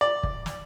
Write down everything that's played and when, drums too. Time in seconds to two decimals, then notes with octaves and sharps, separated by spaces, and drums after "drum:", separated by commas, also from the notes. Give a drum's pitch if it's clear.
0.01 D5
0.23 drum: kick
0.46 drum: snare